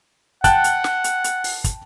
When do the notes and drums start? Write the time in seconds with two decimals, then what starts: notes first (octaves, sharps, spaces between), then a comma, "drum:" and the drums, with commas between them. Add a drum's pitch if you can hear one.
0.44 F#5 G5 A5 F#6, drum: kick, hi-hat
0.64 drum: hi-hat
0.84 drum: snare
1.04 drum: hi-hat
1.24 drum: hi-hat
1.44 drum: open hi-hat
1.64 drum: kick, hi-hat